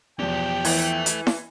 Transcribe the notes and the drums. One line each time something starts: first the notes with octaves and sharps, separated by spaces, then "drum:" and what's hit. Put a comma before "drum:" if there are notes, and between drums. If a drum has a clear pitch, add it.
B1 E2 F3 G4 G5
E3 A4 E5, drum: open hi-hat
drum: hi-hat
drum: snare E4